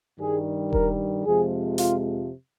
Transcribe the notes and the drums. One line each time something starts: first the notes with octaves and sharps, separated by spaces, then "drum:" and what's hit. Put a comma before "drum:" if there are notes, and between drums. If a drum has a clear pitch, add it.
G2 D#3 G3 G#4
A#4, drum: kick E1
F2 C3 F3 G#3 G#4
F4, drum: hi-hat